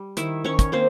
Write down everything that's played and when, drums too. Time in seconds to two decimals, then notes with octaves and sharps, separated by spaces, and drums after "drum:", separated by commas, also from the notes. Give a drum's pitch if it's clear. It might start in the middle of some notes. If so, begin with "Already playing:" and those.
Already playing: G3
0.17 D#3 E4 E5, drum: hi-hat
0.44 D#3 C#4 C#5
0.59 drum: kick, hi-hat
0.72 A#3 C4 C5